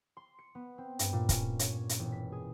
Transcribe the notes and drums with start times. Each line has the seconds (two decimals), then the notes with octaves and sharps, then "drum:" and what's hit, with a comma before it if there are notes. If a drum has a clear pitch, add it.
0.17 C6
0.38 C#7
0.55 B3
0.78 C4
0.99 G2, drum: hi-hat
1.13 A#2
1.29 C#4, drum: kick, hi-hat
1.59 C#5, drum: hi-hat
1.89 drum: hi-hat
1.99 E1
2.12 B6
2.32 G#4